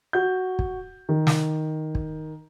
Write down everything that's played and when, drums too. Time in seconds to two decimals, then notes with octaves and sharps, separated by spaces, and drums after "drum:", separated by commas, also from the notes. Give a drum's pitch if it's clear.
0.13 F#4 G6
0.59 drum: kick
1.09 D#3
1.27 drum: snare
1.95 drum: kick